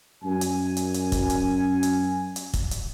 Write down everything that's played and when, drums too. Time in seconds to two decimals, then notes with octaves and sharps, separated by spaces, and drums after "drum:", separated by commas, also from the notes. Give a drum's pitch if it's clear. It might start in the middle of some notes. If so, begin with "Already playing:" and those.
0.23 F#2 G#5
0.41 drum: hi-hat
0.77 drum: hi-hat
0.94 drum: hi-hat
1.12 drum: kick, hi-hat
1.30 drum: hi-hat
1.83 drum: hi-hat
2.36 drum: hi-hat
2.54 drum: kick, hi-hat
2.71 drum: hi-hat